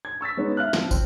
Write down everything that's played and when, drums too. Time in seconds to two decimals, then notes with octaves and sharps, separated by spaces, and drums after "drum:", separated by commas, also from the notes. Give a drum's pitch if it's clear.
0.05 G#6
0.21 C#6 E6 A6 B6
0.37 G#3 B3 C#4 D#4
0.57 E5 F5 F6 F#6
0.73 F3, drum: snare
0.91 C4, drum: kick, tambourine